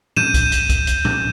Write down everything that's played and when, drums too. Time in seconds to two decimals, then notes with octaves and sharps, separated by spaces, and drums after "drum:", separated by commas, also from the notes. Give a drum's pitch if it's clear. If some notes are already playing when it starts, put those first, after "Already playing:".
0.16 G6 D#7 E7, drum: tom A2
0.34 drum: kick, hi-hat
0.52 drum: hi-hat
0.69 drum: kick, hi-hat
0.87 drum: hi-hat
1.05 drum: tom A2